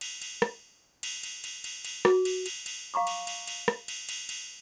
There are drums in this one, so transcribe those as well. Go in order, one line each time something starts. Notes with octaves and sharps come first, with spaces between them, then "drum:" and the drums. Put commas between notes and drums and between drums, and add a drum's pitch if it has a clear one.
drum: cymbal
drum: cymbal
drum: rim click
drum: cymbal
drum: cymbal
drum: cymbal
drum: cymbal
drum: cymbal
F#4, drum: rim click
drum: cymbal
drum: cymbal
drum: cymbal
F5 A#5 C#6 D6
drum: cymbal
drum: cymbal
drum: cymbal
drum: rim click
drum: cymbal
drum: cymbal
drum: cymbal